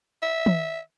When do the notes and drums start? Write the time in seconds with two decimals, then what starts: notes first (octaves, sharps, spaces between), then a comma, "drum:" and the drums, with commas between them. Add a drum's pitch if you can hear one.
0.23 E5
0.46 drum: tom